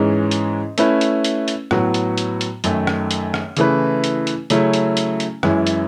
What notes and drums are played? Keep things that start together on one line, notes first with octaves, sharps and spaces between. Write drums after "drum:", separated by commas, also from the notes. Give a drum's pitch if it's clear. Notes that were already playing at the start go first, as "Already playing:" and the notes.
Already playing: G#2 E3 G#3 C#4
drum: hi-hat
A3 C#4 E4 B4, drum: hi-hat
drum: hi-hat
drum: hi-hat
drum: hi-hat
A2 F#3 B3 F#4, drum: rim click
drum: hi-hat
drum: hi-hat
drum: hi-hat
F#2 D#3 A3, drum: hi-hat
drum: rim click
drum: hi-hat
drum: rim click
C#3 E3 A3 E4 B4, drum: hi-hat
drum: hi-hat
drum: hi-hat
C#3 F#3 A3 C#4 E4, drum: hi-hat
drum: hi-hat
drum: hi-hat
drum: hi-hat
F#2 E3 G#3 C#4 E4, drum: rim click
drum: hi-hat